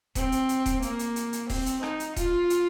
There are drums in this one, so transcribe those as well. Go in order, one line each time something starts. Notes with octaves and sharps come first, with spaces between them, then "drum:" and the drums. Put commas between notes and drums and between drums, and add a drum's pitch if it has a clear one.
C4, drum: kick D#1, hi-hat
drum: hi-hat
drum: hi-hat
drum: kick D#1, hi-hat
A#3, drum: hi-hat
drum: hi-hat
drum: hi-hat
drum: hi-hat
C4, drum: kick D#1, open hi-hat
drum: hi-hat
D#4, drum: rim click
drum: hi-hat
F4, drum: kick D#1, hi-hat
drum: hi-hat